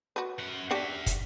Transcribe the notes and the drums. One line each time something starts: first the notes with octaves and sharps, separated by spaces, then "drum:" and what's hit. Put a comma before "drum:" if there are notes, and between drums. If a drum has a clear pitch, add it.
F#4 B4
F#2 F#5
D4 F#4 G4 E5 F#5
drum: kick, hi-hat